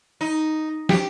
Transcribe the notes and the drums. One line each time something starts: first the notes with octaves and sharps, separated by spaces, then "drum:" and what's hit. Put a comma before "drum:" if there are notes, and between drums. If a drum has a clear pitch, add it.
D#4
G4, drum: snare